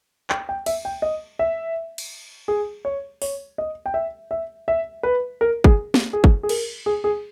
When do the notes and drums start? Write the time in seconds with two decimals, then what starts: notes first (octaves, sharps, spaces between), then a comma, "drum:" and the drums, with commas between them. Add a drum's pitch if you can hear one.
0.30 G5, drum: clap
0.49 G5
0.66 E5, drum: cymbal
0.85 G5
1.02 D#5
1.39 E5
1.98 drum: cymbal
2.48 G#4
2.85 C#5
3.22 C#5, drum: open hi-hat
3.58 D#5
3.86 G5
3.94 E5
4.31 E5
4.68 E5
5.03 B4
5.41 A#4
5.64 G#4, drum: kick
5.94 drum: snare
6.13 G#4
6.24 drum: kick
6.43 G#4
6.49 A#4, drum: cymbal
6.86 G#4
7.04 G#4